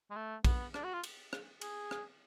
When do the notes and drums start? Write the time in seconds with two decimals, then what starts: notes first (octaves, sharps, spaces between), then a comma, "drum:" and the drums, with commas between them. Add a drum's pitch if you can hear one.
0.11 G#3
0.16 A3
0.45 B3, drum: kick, cymbal
0.74 D4, drum: rim click
0.84 F#4
0.94 F4
1.04 drum: cymbal
1.33 drum: rim click
1.61 G#4, drum: cymbal
1.91 drum: rim click